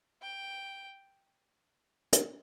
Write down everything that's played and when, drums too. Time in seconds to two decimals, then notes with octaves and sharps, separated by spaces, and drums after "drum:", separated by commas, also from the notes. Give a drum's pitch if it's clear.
0.21 G5
2.13 drum: hi-hat